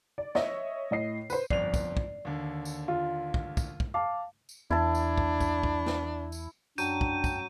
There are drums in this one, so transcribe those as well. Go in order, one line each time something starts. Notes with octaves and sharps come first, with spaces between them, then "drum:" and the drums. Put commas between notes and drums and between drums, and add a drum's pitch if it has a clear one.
D5
C#5 D#5 E5, drum: snare
A2 D#5 C7
B4 C5, drum: tambourine
G1 F2 D5 C7 F7, drum: kick
drum: kick, tambourine
drum: kick
D#2 D3
drum: tambourine
F4
drum: kick
drum: kick, tambourine
drum: kick
F5 A5 D6
drum: tambourine
E2 D4 E4 A5
drum: tambourine
drum: kick
drum: kick, tambourine
drum: kick
drum: snare
drum: tambourine
F#2 F#3 D4 G5 A5 G6 D#7, drum: tambourine
drum: kick
drum: kick, tambourine